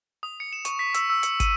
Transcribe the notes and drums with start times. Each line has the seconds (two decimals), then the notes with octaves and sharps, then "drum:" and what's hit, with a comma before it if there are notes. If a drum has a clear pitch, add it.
0.23 D#6
0.40 C#7
0.53 E7
0.65 C#6, drum: hi-hat
0.79 B6
0.94 E6, drum: hi-hat
1.10 E6
1.23 C#7, drum: hi-hat
1.40 D#7, drum: kick, hi-hat